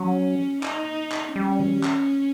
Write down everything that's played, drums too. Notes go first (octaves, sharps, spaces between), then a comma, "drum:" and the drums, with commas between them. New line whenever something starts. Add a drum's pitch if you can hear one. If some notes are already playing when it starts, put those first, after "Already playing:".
Already playing: F#3 C#4
D#4, drum: clap
drum: clap
G3 C#4
drum: tom D#3
drum: clap